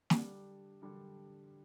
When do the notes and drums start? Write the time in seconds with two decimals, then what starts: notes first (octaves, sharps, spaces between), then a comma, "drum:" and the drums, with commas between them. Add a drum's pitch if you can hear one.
0.10 D3 G3 D4, drum: snare
0.82 D3 G3 D4